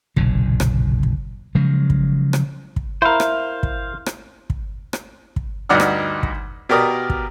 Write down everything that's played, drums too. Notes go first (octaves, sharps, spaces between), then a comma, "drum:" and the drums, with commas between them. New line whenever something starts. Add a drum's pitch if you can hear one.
F#1 B1 A#2 D3, drum: kick
drum: rim click
drum: kick
C#3 F3 F#3 G#3
drum: kick
drum: rim click
drum: kick
E4 A#4 C5 F5
drum: rim click
drum: kick
drum: rim click
drum: kick
drum: rim click
drum: kick
D2 G2 D#4 D5 F#5 F6
drum: rim click
drum: kick
B2 G4 A#4 D5 D#6
drum: kick